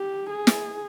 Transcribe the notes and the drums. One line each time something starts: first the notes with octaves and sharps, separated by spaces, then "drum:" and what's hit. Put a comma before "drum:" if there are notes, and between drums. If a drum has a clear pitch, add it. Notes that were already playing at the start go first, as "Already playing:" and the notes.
Already playing: G4
G#4
drum: snare